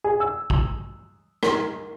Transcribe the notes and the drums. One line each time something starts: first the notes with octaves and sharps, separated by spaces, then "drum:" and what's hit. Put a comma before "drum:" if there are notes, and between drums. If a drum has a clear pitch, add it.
G#4
E6
drum: kick
A#4, drum: rim click